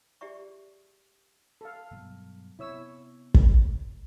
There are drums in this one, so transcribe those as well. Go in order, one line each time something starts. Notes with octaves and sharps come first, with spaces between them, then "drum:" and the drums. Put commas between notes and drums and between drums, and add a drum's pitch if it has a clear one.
G4 G#4 D5 E5 C#6
A4 F5
G2 B2 F#3
C3 B3 E4 C#5 E6
drum: kick